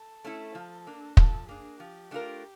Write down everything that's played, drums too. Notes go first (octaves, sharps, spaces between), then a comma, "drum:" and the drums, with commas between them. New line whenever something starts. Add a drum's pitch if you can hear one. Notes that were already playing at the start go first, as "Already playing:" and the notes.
Already playing: A4
A3 C#4 E4
F3
A#3 D4
F3 A4, drum: kick
A#3 D4 G#4
F3 G4
A3 D4 F4 A#4